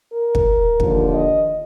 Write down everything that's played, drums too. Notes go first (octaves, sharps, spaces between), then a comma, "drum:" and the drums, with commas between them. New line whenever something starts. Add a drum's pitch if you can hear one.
A#4
drum: kick
D#2 D3 F3, drum: kick
D#5